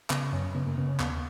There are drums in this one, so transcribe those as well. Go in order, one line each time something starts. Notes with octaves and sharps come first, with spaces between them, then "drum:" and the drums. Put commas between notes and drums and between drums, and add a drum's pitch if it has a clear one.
C#3 B3, drum: clap
F#2 C#4
C#3 B3
A#3
C#3 B3
C#4
D#2 B3, drum: clap